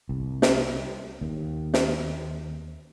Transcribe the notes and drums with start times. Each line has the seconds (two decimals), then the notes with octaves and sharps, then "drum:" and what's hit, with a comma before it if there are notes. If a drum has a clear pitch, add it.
0.09 C2
0.42 drum: snare
1.21 D#2
1.74 drum: snare